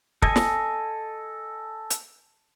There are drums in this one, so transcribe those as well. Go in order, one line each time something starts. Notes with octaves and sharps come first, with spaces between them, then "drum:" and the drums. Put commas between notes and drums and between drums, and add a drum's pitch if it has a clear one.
A4 D#5 G#5, drum: kick
drum: snare
drum: hi-hat